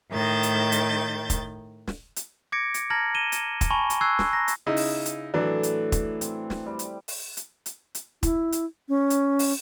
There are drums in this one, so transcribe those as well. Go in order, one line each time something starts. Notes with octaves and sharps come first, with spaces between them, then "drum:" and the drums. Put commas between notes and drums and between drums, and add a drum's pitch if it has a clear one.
A2 D#3 G6 A6
drum: hi-hat
drum: hi-hat
drum: kick, hi-hat
drum: snare
drum: hi-hat
D6 G#6 A#6 C#7 D7
drum: hi-hat
A5 A#5 F6 G#6 A#6 F#7
D#7 E7 G7
drum: hi-hat
drum: kick, hi-hat
G#5 A5 B5 C#6 G7
drum: hi-hat
C#6 E6 F#6 G#6 C7
drum: snare
A#5 A#6
drum: hi-hat
C#3 D#4 E4
drum: open hi-hat
drum: hi-hat
A2 E3 F#3 D4
drum: hi-hat
drum: kick, hi-hat
C4, drum: hi-hat
drum: snare
G3
drum: hi-hat
drum: open hi-hat
drum: hi-hat
drum: hi-hat
drum: hi-hat
E4, drum: kick, hi-hat
drum: hi-hat
C#4
drum: hi-hat
drum: open hi-hat